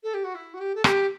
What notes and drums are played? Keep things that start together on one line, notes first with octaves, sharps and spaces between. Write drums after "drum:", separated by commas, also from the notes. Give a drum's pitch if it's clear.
A4
G4
F#4
E4
F#4
G4
A4
G4, drum: rim click